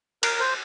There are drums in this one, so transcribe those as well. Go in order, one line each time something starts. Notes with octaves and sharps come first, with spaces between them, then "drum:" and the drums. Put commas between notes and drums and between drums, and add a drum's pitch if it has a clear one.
A#4, drum: cymbal
C5